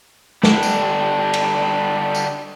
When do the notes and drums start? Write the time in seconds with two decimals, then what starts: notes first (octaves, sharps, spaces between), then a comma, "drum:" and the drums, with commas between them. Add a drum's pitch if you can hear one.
0.43 D3 G3 D4, drum: snare
0.63 drum: tambourine
1.33 drum: cymbal
2.15 drum: tambourine